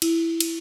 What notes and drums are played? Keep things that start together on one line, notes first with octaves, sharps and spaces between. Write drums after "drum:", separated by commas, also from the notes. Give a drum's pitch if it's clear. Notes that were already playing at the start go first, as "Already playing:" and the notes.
E4, drum: cymbal
drum: cymbal